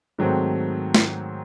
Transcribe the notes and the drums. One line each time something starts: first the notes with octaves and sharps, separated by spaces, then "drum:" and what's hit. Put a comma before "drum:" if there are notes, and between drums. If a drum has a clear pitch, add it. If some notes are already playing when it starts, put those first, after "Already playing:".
G#2 D#3 F#3 A3 C4
drum: snare